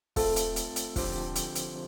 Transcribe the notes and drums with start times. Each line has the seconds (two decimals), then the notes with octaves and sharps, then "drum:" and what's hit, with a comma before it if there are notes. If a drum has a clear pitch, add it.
0.16 A3 C4 F4 A4, drum: kick, open hi-hat
0.36 drum: hi-hat
0.56 drum: hi-hat
0.76 drum: hi-hat
0.96 D3 F3 C4 G4 C5, drum: kick, open hi-hat
1.35 drum: hi-hat
1.55 drum: hi-hat